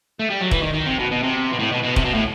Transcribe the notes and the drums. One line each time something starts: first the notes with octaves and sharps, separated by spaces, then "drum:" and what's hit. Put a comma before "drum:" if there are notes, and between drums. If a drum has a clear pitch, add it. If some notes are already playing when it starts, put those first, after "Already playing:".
A3
G3
F#3
E3, drum: kick
D#3
D#3
C3
B2
B2
C3
B2
A2
B2
B2
C3, drum: kick
B2
A2